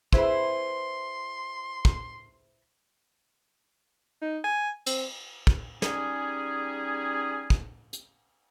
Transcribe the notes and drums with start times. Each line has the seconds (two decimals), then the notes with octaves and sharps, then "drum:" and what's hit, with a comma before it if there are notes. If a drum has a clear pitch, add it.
0.13 C4 E4 G#4 B4 C5 C6, drum: kick
1.85 drum: kick
4.22 D#4
4.44 G#5
4.86 C4, drum: cymbal
5.47 drum: kick
5.82 G3 C#4 D#4 G#4, drum: snare
7.50 drum: kick
7.93 drum: hi-hat